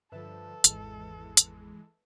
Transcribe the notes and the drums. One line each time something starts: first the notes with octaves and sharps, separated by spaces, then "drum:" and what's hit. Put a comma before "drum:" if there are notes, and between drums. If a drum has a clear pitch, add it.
G2 D3 F3 A4 B4 E5 A5
G#1 E2 E3 G#3, drum: hi-hat
drum: hi-hat